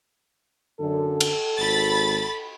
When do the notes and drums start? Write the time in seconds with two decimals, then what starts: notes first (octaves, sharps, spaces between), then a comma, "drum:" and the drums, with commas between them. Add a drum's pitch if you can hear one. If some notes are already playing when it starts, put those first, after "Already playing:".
0.80 F#2 D3 A4
1.21 drum: cymbal
1.58 G#1 B5 A6